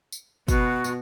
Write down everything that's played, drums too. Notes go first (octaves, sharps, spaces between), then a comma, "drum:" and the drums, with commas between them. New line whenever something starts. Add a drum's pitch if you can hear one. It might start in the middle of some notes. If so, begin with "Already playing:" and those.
drum: tambourine
B2 F#4, drum: kick, tambourine
drum: tambourine